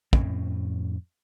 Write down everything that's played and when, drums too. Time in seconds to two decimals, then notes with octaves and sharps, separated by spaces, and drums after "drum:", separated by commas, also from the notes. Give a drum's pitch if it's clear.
0.13 F2 A2 C4 C#4, drum: kick